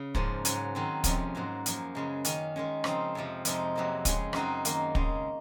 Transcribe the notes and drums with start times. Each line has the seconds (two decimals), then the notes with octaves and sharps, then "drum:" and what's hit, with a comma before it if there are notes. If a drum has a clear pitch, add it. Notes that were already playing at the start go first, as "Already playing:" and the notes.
Already playing: C#3
0.15 G#2 F3 A#3 C#4, drum: kick
0.45 G#2 F#3 C#4, drum: hi-hat
0.75 D#3 F#3 C4 D#4
1.04 F2 C3 F3 G#3 C#4, drum: kick, hi-hat
1.35 G#2 F#3 A#3
1.66 F#2 F3 A#3, drum: hi-hat
1.95 F#2 C#3 G#3
2.25 D#3 A#3 C#4, drum: hi-hat
2.56 D#3 G#3 C#4
2.84 C#3 F3 C4 D#4, drum: rim click
3.15 F2 C3 F3
3.45 F2 C3 F3 G#3 D#4, drum: hi-hat
3.76 F2 C3 F#3 A#3
4.05 C#3 G#3 C#4, drum: kick, hi-hat
4.33 F#2 C#3 F#3 C4 D#4, drum: rim click
4.65 D#3 A#3 D#4, drum: hi-hat
4.95 C#3 G#3 D#4, drum: kick